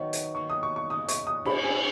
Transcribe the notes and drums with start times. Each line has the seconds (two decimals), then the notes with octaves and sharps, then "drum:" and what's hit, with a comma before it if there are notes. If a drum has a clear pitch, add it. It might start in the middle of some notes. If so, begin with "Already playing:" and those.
Already playing: D#3 F#3 B3 C#6
0.13 drum: hi-hat
0.35 D#3 F#3 A#3 C#6
0.50 D#6
0.63 C#6
0.76 C#6
0.90 C#3 G#3 D#4 D#6
1.08 C#6, drum: hi-hat
1.27 D#6
1.45 B2 A#3 C#4 B5, drum: cymbal
1.64 G#5